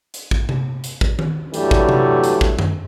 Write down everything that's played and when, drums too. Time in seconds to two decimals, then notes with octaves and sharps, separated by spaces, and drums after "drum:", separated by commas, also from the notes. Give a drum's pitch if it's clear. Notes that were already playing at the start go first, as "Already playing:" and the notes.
0.14 drum: hi-hat
0.31 drum: kick
0.49 drum: tom C3
0.84 drum: hi-hat
1.01 drum: kick
1.19 drum: tom D#3
1.54 G2 E3 F#3 G3 A3, drum: hi-hat
1.71 drum: kick
1.89 drum: tom C3
2.24 drum: hi-hat
2.41 drum: kick
2.59 drum: tom F#2